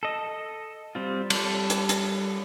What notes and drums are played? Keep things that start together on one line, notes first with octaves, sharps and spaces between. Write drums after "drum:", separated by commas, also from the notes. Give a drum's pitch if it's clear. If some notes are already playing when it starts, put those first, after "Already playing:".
A4 D#5
G3 C4 F4
G3 A4, drum: cymbal
drum: hi-hat
drum: hi-hat